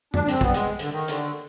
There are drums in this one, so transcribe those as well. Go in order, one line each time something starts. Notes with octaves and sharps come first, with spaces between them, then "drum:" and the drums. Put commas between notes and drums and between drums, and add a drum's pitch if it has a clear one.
D4, drum: tom F2
D4
C4, drum: hi-hat
B3, drum: kick
G3
G#3, drum: hi-hat
D3, drum: hi-hat
D#3
D3, drum: hi-hat